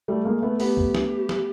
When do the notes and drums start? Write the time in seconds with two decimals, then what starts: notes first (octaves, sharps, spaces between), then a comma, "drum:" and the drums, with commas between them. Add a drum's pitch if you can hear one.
0.08 G3 A3
0.25 G#3 A#3
0.42 A3 B3
0.60 A3 B3 G4, drum: open hi-hat
0.77 drum: kick C#2
0.95 drum: snare
1.29 drum: snare